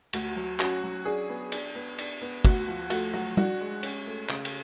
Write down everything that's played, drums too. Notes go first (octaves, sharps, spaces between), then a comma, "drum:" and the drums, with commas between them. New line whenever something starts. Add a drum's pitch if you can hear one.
D2 F#4, drum: cymbal
F#3
C#4 F#4, drum: clap
F#3
D4 G#4
B3
D4, drum: cymbal
B3
D4, drum: cymbal
B3
D2 F#4, drum: kick, cymbal
F3
A3 F#4, drum: cymbal
F#3 F#4
D4 F#4, drum: tom G3
G#3
C#4, drum: cymbal
A3
C#3, drum: clap
drum: cymbal